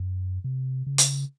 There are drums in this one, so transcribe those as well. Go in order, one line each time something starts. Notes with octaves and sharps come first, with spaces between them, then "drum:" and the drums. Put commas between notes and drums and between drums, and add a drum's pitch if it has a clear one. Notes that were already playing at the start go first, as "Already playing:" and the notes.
Already playing: F#2
C3
C#3
drum: hi-hat